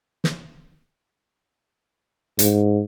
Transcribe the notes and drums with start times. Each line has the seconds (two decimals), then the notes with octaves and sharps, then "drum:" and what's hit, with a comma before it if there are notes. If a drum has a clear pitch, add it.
0.24 drum: snare
2.39 G#2, drum: hi-hat